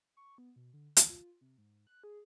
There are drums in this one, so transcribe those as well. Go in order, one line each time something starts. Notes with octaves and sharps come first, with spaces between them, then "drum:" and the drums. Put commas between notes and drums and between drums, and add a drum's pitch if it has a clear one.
C#6
B3
B2
D3
E3, drum: hi-hat
F4
C3
G#2
F#6
G#4